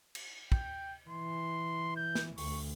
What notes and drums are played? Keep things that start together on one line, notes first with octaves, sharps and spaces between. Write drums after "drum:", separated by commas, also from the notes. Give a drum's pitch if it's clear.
drum: cymbal
G5, drum: kick
E3 C6
G6
drum: snare
D2 C#6, drum: open hi-hat